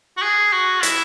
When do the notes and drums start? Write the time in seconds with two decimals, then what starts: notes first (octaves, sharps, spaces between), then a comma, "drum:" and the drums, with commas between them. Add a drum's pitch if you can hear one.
0.17 F#4
0.22 G#4
0.53 F#4
0.83 E4, drum: hi-hat